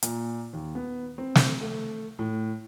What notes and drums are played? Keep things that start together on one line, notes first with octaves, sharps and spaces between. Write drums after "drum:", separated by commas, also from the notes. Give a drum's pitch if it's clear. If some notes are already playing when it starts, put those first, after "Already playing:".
A#2, drum: hi-hat
D#2
B3
C4
drum: snare
A3
A2